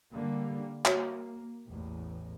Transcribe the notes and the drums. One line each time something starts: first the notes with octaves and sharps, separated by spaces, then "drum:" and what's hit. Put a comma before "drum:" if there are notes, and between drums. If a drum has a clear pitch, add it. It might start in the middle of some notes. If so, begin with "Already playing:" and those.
D3 G3 A#3
A#3 F#4 C#5 E5, drum: clap
A1 E2 A2